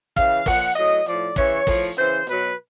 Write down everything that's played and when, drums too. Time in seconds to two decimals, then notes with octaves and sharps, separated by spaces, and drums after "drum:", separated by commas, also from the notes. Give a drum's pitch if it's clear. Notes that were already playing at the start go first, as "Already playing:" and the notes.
0.17 C#3 E3 F5, drum: kick, hi-hat
0.46 A#2 F3 F#5, drum: kick, open hi-hat
0.76 A2 F#3 D#5, drum: hi-hat
1.06 A2 F3 D5, drum: hi-hat
1.36 C#3 E3 C#5, drum: kick, hi-hat
1.67 A2 F3, drum: kick, open hi-hat
1.97 C#3 E3 C5, drum: hi-hat
2.27 B2 F#3 B4, drum: hi-hat